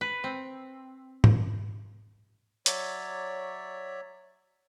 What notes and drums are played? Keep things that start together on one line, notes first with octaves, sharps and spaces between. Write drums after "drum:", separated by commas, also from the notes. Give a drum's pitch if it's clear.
B4
C4
drum: tom G#2
F#3 C#5 D5 E5, drum: hi-hat